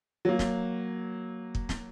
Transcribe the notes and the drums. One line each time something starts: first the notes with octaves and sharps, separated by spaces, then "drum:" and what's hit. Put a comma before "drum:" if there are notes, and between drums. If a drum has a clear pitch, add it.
F#3 A#3
drum: snare
drum: kick
drum: snare